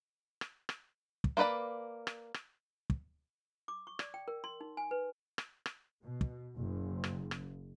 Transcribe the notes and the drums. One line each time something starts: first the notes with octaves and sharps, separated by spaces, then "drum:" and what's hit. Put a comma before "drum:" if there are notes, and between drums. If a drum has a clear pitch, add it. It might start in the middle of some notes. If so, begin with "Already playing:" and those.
drum: rim click
drum: rim click
drum: kick
A#3 F4 B4 D5 B5
drum: rim click
drum: rim click
drum: kick
D6
C#6
D5, drum: rim click
G5
A#4
C6
D#4
G#5
B4
drum: rim click
drum: rim click
B2
drum: kick
F#1
drum: rim click
drum: rim click